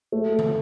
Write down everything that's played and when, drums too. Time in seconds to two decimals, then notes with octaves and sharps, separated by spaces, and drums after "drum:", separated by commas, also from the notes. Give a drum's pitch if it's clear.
0.12 A3
0.39 drum: tom D3